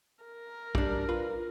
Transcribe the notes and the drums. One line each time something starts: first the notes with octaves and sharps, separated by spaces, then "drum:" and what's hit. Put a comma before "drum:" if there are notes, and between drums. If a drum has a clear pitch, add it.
A#4
G3 D4, drum: kick
F4 B4